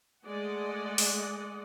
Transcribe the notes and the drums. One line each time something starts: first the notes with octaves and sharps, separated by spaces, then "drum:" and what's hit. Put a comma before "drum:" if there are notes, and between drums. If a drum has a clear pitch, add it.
G#3 A3 D5 D#5 F#5
drum: open hi-hat